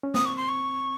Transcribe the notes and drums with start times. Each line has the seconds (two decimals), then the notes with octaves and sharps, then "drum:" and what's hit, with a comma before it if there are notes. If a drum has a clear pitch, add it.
0.03 C#4
0.14 C4 D#6, drum: snare
0.26 C#6
0.37 C6
0.48 C#6